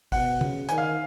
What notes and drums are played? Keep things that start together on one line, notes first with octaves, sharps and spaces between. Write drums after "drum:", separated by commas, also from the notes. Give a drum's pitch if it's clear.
B2 F#5, drum: kick, open hi-hat
C#3, drum: tom
D#3 G#5, drum: hi-hat
F5